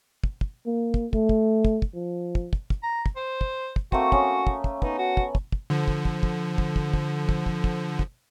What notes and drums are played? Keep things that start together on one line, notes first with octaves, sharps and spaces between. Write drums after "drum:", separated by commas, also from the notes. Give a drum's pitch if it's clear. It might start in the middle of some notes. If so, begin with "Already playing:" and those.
drum: kick
drum: kick
A#3
drum: kick
A3, drum: kick
drum: kick
drum: kick
drum: kick
F3
drum: kick
drum: kick
drum: kick
A#5
drum: kick
C5
drum: kick
drum: kick
A3 A#3 C4 F#4, drum: kick
C#4 D#6, drum: kick
drum: kick
drum: kick
B3 D#4, drum: kick
F#4
drum: kick
drum: kick
drum: kick
D3 F3
drum: kick
drum: kick
drum: kick
drum: kick
drum: kick
drum: kick
drum: kick
drum: kick
drum: kick
drum: kick